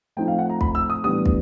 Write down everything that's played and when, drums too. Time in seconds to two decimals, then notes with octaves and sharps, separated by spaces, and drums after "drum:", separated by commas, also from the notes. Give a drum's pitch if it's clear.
0.17 F3 A3 C4 D#4 G5
0.28 F5
0.39 F#5
0.50 A#5
0.61 B5, drum: kick
0.75 E6
0.90 D#6
1.04 A2 E3 G3 B3 D4 D#6
1.26 drum: kick